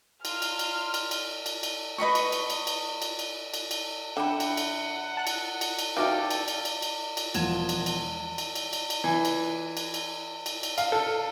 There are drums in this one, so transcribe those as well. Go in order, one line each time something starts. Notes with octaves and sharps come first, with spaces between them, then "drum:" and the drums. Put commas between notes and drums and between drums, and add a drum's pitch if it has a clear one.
F4 F6, drum: cymbal
drum: cymbal
drum: cymbal
drum: cymbal
drum: cymbal
drum: cymbal
drum: cymbal
B4 D#5 B5 C#6
drum: cymbal
drum: cymbal
drum: cymbal
drum: cymbal
drum: cymbal
drum: cymbal
drum: cymbal
drum: cymbal
D3 E5 F#5 G5 B5
drum: cymbal
drum: cymbal
A5 F#6
drum: cymbal
drum: cymbal
drum: cymbal
E3 D#4 F#4 G4 A4 D5 F5 G5
drum: cymbal
drum: cymbal
drum: cymbal
drum: cymbal
drum: cymbal
E1 F3 F#5 G#6 E7, drum: cymbal
drum: cymbal
drum: cymbal
drum: cymbal
drum: cymbal
drum: cymbal
drum: cymbal
E3
drum: cymbal
drum: cymbal
drum: cymbal
drum: cymbal
drum: cymbal
F5, drum: cymbal
A4